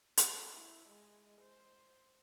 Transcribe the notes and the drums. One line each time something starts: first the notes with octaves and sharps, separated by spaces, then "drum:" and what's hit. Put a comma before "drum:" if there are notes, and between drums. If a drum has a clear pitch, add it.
A5, drum: hi-hat
E4
G#3
C5